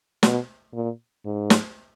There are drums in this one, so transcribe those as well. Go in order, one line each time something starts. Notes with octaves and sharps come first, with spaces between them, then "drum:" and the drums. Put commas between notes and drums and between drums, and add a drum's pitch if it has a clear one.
B2, drum: snare
A#2
G#2
drum: snare